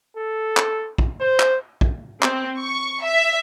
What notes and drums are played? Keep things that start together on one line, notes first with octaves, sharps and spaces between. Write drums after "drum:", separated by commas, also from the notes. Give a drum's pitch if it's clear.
A4
drum: clap
drum: kick
C5
drum: clap
drum: kick
C4, drum: clap
C#6
E5